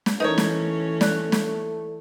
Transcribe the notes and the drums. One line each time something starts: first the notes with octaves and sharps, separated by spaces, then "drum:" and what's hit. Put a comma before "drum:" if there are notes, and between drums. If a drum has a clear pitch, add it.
drum: snare
E3 A3 C#4 D#4 A#4 B4 C#5 D5
drum: snare
D5 F#6, drum: snare
drum: snare